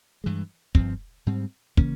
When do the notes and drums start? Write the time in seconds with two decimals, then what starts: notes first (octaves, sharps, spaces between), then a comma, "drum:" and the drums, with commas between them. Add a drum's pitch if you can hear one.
0.24 G2 E3 G#3
0.75 G2 F3 C4, drum: kick
1.26 G#2 G3 C4
1.77 C#3 E3 A#3 C#4, drum: kick